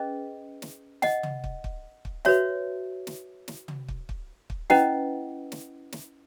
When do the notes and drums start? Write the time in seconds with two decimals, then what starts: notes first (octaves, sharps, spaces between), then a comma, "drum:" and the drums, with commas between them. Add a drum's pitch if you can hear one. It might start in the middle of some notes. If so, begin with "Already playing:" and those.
Already playing: C#4 G#4 B4 D#5
0.62 drum: snare
1.02 D#5 F#5, drum: snare
1.23 drum: tom
1.44 drum: kick
1.64 drum: kick
2.05 drum: kick
2.25 F#4 B4 C#5 E5, drum: snare
3.07 drum: snare
3.48 drum: snare
3.68 drum: tom
3.88 drum: kick
4.09 drum: kick
4.50 drum: kick
4.70 C#4 E4 B4 D#5 F#5, drum: snare
5.52 drum: snare
5.92 drum: snare